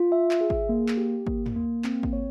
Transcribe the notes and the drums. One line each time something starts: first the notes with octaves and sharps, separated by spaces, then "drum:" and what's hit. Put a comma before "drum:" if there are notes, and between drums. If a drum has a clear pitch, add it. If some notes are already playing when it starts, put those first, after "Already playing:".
Already playing: F4
E5
drum: clap
G#4
drum: kick G#1
A#3
drum: clap
G4
A#3, drum: kick G#1
drum: tom
A#3
C4, drum: clap
drum: kick G#1
C#5